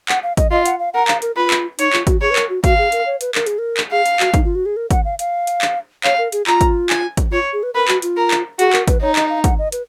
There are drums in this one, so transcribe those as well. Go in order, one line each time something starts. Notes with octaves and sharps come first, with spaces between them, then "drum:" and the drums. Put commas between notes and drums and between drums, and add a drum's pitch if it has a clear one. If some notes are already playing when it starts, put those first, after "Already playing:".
F#5, drum: clap
F5
D#5, drum: kick, hi-hat
F4 D#5
F#5, drum: hi-hat
F5
A#4 F#5
F5, drum: clap
A#4, drum: hi-hat
F4 B4
drum: clap
D#4 C#5, drum: hi-hat
F4, drum: clap
F#4, drum: kick, hi-hat
G#4 C#5
B4
A#4, drum: clap
F#4
F#4 F5, drum: kick, hi-hat
G#4
A#4, drum: hi-hat
C#5
B4, drum: hi-hat
A#4, drum: clap
G#4, drum: hi-hat
A#4
drum: clap
G#4 F5
drum: hi-hat
F#4, drum: clap
D#4, drum: kick, hi-hat
F4
F#4
G#4
A#4
F#5, drum: kick, hi-hat
F5
F5, drum: hi-hat
drum: hi-hat
drum: clap
C#5 F5, drum: clap
A#4
G#4, drum: hi-hat
F4 A#5, drum: clap
drum: kick, hi-hat
G#5, drum: clap
drum: kick, hi-hat
F4 C#5
G#4
B4
A#4 B4
F#4, drum: clap
F4, drum: hi-hat
A#4
drum: clap
F#4 G#4, drum: hi-hat
A#4, drum: clap
B4, drum: kick, hi-hat
D#4 C#5
D#5, drum: clap
F5
F#5, drum: kick, hi-hat
D#5
B4, drum: hi-hat